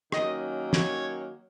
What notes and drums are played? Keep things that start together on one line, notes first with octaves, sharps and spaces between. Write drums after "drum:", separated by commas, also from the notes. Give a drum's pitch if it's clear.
D#3 F#3 A#3 C#4 D#5, drum: rim click
C#5, drum: snare